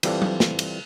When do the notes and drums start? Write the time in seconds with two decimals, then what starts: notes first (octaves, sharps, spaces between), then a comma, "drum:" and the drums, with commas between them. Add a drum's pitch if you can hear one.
0.03 E3 G3 C4 F4 A4 D5, drum: cymbal
0.22 drum: tom F#3
0.40 drum: snare
0.59 drum: cymbal